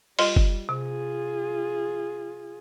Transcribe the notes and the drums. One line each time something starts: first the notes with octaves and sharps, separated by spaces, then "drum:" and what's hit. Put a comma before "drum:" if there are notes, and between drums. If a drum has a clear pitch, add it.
G3 F4 D#5 C6, drum: open hi-hat
drum: kick F#1
C3 F4 G#4